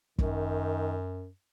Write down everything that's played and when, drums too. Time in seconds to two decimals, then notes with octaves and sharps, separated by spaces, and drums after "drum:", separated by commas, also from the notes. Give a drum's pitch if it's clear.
0.19 F#2 D#3, drum: kick